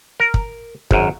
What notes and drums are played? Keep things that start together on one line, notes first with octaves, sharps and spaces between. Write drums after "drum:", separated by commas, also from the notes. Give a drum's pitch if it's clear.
A#4
drum: kick
G#1 F#2, drum: kick